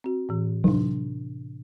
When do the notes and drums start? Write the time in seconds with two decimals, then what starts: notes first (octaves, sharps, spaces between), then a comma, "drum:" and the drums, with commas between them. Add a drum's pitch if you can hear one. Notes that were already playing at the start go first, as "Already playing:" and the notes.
0.04 C4 F#4
0.29 A2 E3
0.64 C3 D4, drum: tom F#3